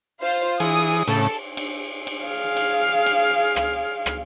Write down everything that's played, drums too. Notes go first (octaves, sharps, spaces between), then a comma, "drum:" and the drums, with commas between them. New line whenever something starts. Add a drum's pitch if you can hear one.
F4 C5 F5
E3 G#4 D#6, drum: cymbal
A2 C#3 A4, drum: cymbal
drum: cymbal
drum: cymbal
G#4 F5
drum: cymbal
drum: cymbal
drum: rim click
drum: rim click